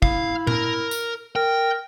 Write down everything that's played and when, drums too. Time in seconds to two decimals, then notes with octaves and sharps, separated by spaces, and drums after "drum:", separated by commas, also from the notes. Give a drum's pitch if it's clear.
0.02 E4 F5, drum: kick
0.47 A#4, drum: tom A#2
0.91 drum: tambourine
1.36 A#4 G5